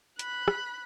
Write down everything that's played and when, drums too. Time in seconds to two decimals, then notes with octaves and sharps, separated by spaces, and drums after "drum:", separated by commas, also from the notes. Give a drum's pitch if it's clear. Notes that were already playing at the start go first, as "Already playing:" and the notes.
0.19 B5 F#6, drum: hi-hat
0.48 drum: rim click